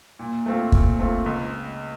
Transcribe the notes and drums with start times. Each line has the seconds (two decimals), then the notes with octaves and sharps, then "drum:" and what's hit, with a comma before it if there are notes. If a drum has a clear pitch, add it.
0.19 A#2
0.46 A3 C4 F4
0.72 A#2, drum: kick
0.99 A3 C4 F4
1.26 C#2